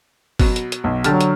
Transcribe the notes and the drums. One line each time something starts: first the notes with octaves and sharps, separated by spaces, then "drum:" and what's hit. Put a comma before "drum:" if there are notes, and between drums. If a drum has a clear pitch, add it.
B2 F#3, drum: kick G1, open hi-hat
drum: hi-hat
drum: hi-hat
B1
D3 F#3 G4 A5 F6, drum: hi-hat
drum: hi-hat